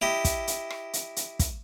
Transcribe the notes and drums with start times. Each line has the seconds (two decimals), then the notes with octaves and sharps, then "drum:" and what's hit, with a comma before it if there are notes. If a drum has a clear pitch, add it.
0.02 E4 G4 D#5
0.24 drum: kick, hi-hat
0.47 drum: hi-hat
0.70 drum: rim click
0.93 drum: hi-hat
1.16 drum: hi-hat
1.39 drum: kick, hi-hat